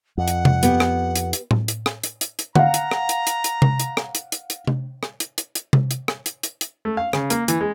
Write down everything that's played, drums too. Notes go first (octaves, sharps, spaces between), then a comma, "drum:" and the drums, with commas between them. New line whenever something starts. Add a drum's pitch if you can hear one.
F2 F#5
drum: hi-hat
drum: tom C3
B3 G4, drum: hi-hat
drum: rim click
drum: hi-hat
drum: hi-hat
drum: tom A2
drum: hi-hat
drum: rim click
drum: hi-hat
drum: hi-hat
drum: hi-hat
F5 F#5 A#5, drum: tom D3
drum: hi-hat
drum: rim click
drum: hi-hat
drum: hi-hat
drum: hi-hat
drum: tom C3
drum: hi-hat
drum: rim click
drum: hi-hat
drum: hi-hat
drum: hi-hat
drum: tom C3
drum: rim click
drum: hi-hat
drum: hi-hat
drum: hi-hat
drum: tom C3
drum: hi-hat
drum: rim click
drum: hi-hat
drum: hi-hat
drum: hi-hat
A3
F5
C#3, drum: rim click
A#3, drum: hi-hat
E3, drum: hi-hat
G#3